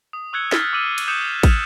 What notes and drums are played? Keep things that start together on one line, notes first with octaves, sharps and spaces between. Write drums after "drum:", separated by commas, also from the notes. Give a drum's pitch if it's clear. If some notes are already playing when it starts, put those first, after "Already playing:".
D#6
C#6 E6 F#6 G#6 C#7 G7
F6 A6 B6 C7, drum: snare
D6 E6 F#6 D#7 F#7
drum: cymbal
D#6 G6 C#7 E7
drum: kick, cymbal